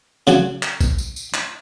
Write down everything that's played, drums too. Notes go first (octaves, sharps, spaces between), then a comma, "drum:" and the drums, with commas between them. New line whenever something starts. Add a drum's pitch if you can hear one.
C#3 F#3 F#4 C#5, drum: tambourine
drum: clap
drum: kick A#1, tambourine
drum: tambourine
drum: tambourine
drum: clap